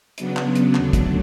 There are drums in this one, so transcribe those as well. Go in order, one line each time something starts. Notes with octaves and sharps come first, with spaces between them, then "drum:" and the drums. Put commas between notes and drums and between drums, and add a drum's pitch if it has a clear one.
C#3 F#3 B3 D4, drum: hi-hat
drum: clap
drum: hi-hat
D#2 D3 F#3 A3 D4, drum: clap
drum: kick, hi-hat